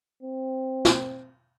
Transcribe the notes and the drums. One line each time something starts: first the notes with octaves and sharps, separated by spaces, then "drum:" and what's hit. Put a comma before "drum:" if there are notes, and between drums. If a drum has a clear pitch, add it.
C4
drum: snare